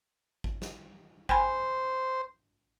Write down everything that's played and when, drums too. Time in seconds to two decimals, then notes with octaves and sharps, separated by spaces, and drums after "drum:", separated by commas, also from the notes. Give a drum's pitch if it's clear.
0.44 drum: kick G#1
0.62 drum: snare
1.29 C5 G5 G#5 B5, drum: kick G#1